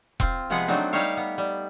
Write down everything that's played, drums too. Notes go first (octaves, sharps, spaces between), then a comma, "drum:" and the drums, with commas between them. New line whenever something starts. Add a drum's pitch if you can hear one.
C4 F4, drum: kick E1
C3 F3 G#3 B3 G#4 F#5
F#3 A3 B3 C4 D4 D#4
G3 D#4 G4 C#5 E5 F5
B3
G3